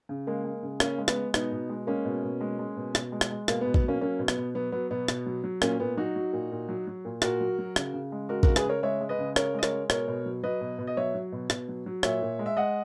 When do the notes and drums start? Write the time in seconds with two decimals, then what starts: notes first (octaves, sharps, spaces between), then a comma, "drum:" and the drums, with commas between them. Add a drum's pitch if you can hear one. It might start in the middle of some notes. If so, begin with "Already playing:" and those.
0.09 C#3
0.27 G#3 A#3
0.45 G#3
0.63 C#3
0.80 C#3 A#3 C#4, drum: rim click
0.98 G#3
1.08 B3, drum: rim click
1.16 G#3
1.34 B2 B3 D#4, drum: rim click
1.52 B2
1.70 G#3
1.87 G#3 A#3 C#4
2.05 B2
2.23 B2
2.41 G#3
2.59 G#3
2.77 B2
2.95 B2, drum: rim click
3.12 G#3
3.21 drum: rim click
3.30 G#3
3.48 B2 A#3, drum: rim click
3.61 B2 B3
3.74 B3, drum: kick A#1
3.84 F#3 A#3 C#4
4.01 F#3 A#3 C#4
4.19 B2
4.28 B3, drum: rim click
4.37 B2
4.55 F#3 B3
4.72 F#3 B3
4.91 B2 B3
5.08 B2, drum: rim click
5.26 F#3
5.44 F#3
5.62 A#2 A#3 C#4, drum: rim click
5.80 A#2 B3
5.97 F#3 D#4 F#4
6.16 F#3
6.33 A#2
6.51 A#2
6.69 F#3
6.87 F#3
7.05 A#2
7.22 A#2 F#4 A#4, drum: rim click
7.41 F#3
7.59 F#3
7.76 C#3, drum: rim click
7.94 C#3
8.12 G#3
8.29 G#3 F#4 A#4
8.43 C#3 F#4 A#4, drum: kick A#1
8.56 G#4 B4, drum: rim click
8.65 C#3 A#4 C#5
8.83 G#3 C#5 E5
9.01 G#3
9.09 B4 D#5
9.19 C#3
9.36 C#3 A#4 C#5, drum: rim click
9.54 G#3 D#5
9.63 A#4 C#5, drum: rim click
9.72 G#3
9.90 B2 A#4 C#5, drum: rim click
10.08 B2
10.26 F#3
10.43 F#3 B4 D#5
10.61 B2
10.79 B2
10.87 D#5
10.97 F#3 C#5 E5
11.15 F#3
11.32 B2
11.50 B2, drum: rim click
11.68 F#3
11.86 F#3
12.03 A#2 C#5 E5, drum: rim click
12.22 A#2
12.39 G#3
12.46 E5
12.57 G#3 D#5 F#5